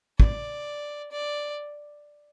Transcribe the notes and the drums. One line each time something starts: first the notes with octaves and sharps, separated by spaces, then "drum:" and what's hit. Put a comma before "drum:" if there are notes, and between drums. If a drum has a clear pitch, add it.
D5, drum: kick
D5